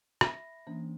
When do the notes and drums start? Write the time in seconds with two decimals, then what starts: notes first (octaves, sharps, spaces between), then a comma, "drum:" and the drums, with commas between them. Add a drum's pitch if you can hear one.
0.21 E5 B5 A#6, drum: rim click
0.67 E3 A#3 C#4 D4 C5